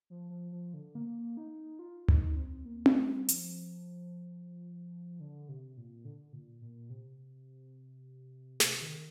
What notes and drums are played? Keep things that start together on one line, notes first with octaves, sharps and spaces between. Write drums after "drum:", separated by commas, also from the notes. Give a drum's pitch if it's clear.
F3
F3
F3
D3
A#3
D#4
F4
D#4, drum: tom D2
C4
A#3
A3, drum: tom C4
G3
G3
F3, drum: hi-hat
D3
C3
A#2
D3
A#2
A#2
C3
C3, drum: snare
D#3